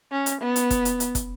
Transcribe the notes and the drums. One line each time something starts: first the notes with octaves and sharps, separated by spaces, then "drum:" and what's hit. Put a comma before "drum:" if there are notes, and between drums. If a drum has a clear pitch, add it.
C#4
drum: hi-hat
B3
drum: hi-hat
drum: kick, hi-hat
drum: hi-hat
drum: hi-hat
drum: kick, hi-hat